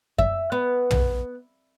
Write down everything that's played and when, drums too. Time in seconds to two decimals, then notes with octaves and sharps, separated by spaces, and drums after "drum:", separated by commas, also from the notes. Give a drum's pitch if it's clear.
0.19 E5, drum: kick F#2
0.52 B3
0.91 drum: tom